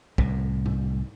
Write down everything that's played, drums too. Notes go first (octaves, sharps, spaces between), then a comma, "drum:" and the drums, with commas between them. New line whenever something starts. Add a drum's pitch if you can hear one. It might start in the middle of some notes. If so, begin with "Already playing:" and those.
C2 A2, drum: kick
drum: tom G#2